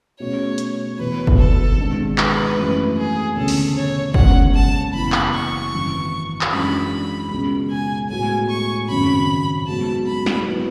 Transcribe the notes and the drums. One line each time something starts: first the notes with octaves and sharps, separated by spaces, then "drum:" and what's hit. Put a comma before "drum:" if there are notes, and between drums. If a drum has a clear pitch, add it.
B2 A3 C#4 G#4 C#5
drum: hi-hat
E1 E2 B2 B4
drum: kick
A4
G#1 G#2 G#3 D4
B4, drum: clap
F#2 E3 A3
G#4
E1 D2 C#3 A4
drum: open hi-hat
C#5
F#1 E2 C#3 G#3 F#5, drum: kick
A5
F#1 F#2 E3 B3 E4 B5
drum: clap
C#6
G#1 F#2 E3
drum: clap
F#2 E3 G#3 D4 B5
C#2 B2 G#3
G#5
A2 G#3 B3 F#4 G#5
C#6
G#1 F#2 C#3 B5
G#2 F#3 B3 F#4 A5
B5
drum: snare
F#3 B3 E4 B4